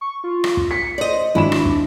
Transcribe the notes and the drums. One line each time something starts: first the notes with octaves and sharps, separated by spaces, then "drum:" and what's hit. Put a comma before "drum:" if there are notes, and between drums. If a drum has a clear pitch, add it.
C#6
F4
drum: rim click
drum: kick
B6 C#7
C5 D5 D#5
G#1 D4 E4 B5 E7
drum: rim click
drum: kick